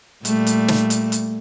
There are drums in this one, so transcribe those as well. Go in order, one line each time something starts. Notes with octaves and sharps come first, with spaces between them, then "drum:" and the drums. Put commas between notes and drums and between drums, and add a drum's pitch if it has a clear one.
A#2 G3 A3, drum: hi-hat
drum: hi-hat
drum: snare
drum: hi-hat
drum: hi-hat